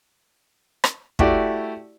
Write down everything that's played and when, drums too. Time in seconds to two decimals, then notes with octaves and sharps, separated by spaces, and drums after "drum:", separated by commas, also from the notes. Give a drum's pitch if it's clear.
0.84 drum: rim click
1.19 A3 E4 F#4 G4 D5, drum: kick